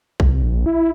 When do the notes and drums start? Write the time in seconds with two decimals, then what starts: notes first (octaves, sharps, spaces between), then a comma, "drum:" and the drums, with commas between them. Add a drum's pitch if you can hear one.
0.20 C2, drum: kick A#1
0.43 A#1
0.66 E4